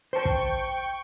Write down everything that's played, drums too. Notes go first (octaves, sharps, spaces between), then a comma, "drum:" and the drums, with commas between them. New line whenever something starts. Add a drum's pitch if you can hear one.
C5 G5 A5 C#6
drum: kick